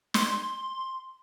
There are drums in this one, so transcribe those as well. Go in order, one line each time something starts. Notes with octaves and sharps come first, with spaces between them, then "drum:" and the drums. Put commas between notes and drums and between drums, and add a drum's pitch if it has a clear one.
C6, drum: snare